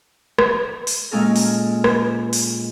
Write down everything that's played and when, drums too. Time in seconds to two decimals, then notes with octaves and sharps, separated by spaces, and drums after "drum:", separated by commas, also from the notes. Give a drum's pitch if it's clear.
0.38 drum: rim click
0.87 drum: open hi-hat
1.11 A#2 G#3 C#4 A4 A#4
1.36 drum: open hi-hat
1.84 drum: rim click
2.33 drum: open hi-hat